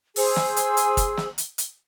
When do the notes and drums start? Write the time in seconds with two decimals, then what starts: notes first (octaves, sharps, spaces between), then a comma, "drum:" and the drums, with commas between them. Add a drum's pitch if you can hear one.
0.16 G#4 C5 G#5 E6, drum: open hi-hat
0.36 drum: snare
0.56 drum: hi-hat
0.77 drum: hi-hat
0.97 drum: kick, hi-hat
1.17 drum: snare
1.38 drum: hi-hat
1.58 drum: hi-hat